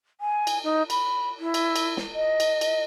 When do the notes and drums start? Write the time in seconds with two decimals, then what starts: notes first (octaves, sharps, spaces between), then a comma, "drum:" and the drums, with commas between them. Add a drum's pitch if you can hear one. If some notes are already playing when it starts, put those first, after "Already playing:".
0.21 G#5
0.47 drum: cymbal
0.64 D#4
0.90 B5, drum: cymbal
1.40 E4
1.54 drum: cymbal
1.76 drum: cymbal
1.97 drum: snare
2.14 D#5
2.40 drum: cymbal
2.61 drum: cymbal